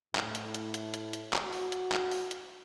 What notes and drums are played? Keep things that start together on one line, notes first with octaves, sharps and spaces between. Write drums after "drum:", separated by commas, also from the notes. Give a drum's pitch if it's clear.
A2, drum: clap
drum: hi-hat
drum: hi-hat
drum: hi-hat
drum: hi-hat
drum: hi-hat
drum: clap
F#4
drum: open hi-hat
drum: hi-hat
drum: clap
drum: open hi-hat
drum: hi-hat